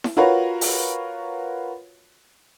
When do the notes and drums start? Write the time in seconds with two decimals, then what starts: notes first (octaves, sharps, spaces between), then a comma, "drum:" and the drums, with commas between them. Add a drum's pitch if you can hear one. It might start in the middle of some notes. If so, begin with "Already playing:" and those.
0.04 drum: snare E4
0.17 F4 F#4 A#4 B4 C#5 F5
0.61 drum: open hi-hat